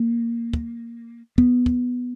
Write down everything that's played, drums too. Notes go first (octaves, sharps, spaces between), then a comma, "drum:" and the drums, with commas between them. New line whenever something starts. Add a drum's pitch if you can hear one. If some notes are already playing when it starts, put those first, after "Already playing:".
Already playing: A#3
drum: kick
B3, drum: kick
drum: kick